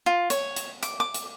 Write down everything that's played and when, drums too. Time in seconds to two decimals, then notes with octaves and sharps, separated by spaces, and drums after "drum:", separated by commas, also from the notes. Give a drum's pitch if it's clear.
0.06 F4
0.30 C#5, drum: hi-hat
0.56 drum: hi-hat
0.83 D6, drum: hi-hat
1.00 D6
1.14 drum: hi-hat